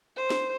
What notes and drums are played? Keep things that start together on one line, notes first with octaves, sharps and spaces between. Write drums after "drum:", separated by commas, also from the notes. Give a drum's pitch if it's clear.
C5
drum: snare